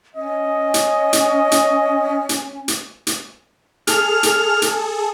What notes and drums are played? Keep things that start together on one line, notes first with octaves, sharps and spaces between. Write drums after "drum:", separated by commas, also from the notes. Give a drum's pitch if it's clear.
C#4 D#5
drum: hi-hat
drum: hi-hat
drum: hi-hat
drum: hi-hat
drum: hi-hat
drum: hi-hat
G#4 A4 F6, drum: hi-hat
drum: hi-hat
drum: hi-hat